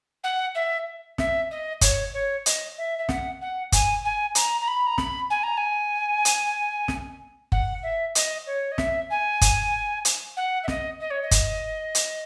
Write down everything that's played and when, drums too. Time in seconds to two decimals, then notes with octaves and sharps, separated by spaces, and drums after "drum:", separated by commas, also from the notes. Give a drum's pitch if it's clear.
0.23 F#5
0.55 E5
1.18 E5, drum: snare
1.51 D#5
1.81 C#5, drum: kick F#1, hi-hat
2.14 C#5
2.46 D#5, drum: hi-hat
2.77 E5
2.98 E5
3.09 F#5, drum: snare
3.41 F#5
3.72 G#5, drum: kick F#1, hi-hat
4.04 G#5
4.35 A#5, drum: hi-hat
4.61 A#5
4.67 B5
4.86 A#5
4.98 B5, drum: snare
5.30 G#5
5.43 A#5
5.57 G#5
6.25 drum: hi-hat
6.88 drum: snare
7.52 F#5, drum: kick F#1
7.83 E5
8.15 D#5, drum: hi-hat
8.46 C#5
8.71 D#5
8.78 E5, drum: snare
9.10 G#5
9.41 drum: kick F#1, hi-hat
10.05 drum: hi-hat
10.36 F#5
10.63 E5
10.68 D#5, drum: snare
11.00 D#5
11.10 C#5
11.22 D#5
11.31 drum: kick F#1, hi-hat
11.95 drum: hi-hat